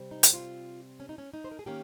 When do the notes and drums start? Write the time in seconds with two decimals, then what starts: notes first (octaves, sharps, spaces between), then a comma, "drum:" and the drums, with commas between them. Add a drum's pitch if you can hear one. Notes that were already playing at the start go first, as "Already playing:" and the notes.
Already playing: C3 G3 C4
0.11 D#4
0.23 G4, drum: hi-hat
0.33 F4
1.00 C#4
1.09 D#4
1.18 C#4
1.34 D#4
1.44 C5
1.52 A#4
1.59 G#4
1.66 D#3 A#3 C#4 G4